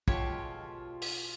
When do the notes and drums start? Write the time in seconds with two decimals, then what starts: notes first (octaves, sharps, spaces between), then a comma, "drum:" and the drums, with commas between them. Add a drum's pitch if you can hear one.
0.08 B2 G#3 F4 G4 A4 C#5, drum: kick
1.02 drum: open hi-hat